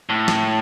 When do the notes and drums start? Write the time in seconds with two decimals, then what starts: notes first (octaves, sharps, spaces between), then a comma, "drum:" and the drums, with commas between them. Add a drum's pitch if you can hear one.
0.09 A2
0.28 drum: snare